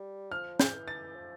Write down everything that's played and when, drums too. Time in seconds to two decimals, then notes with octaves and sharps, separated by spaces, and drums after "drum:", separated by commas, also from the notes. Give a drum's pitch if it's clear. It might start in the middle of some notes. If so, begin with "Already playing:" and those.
Already playing: G3
0.31 F3 F6
0.60 G6, drum: snare
0.74 E3
0.88 A6
1.15 F3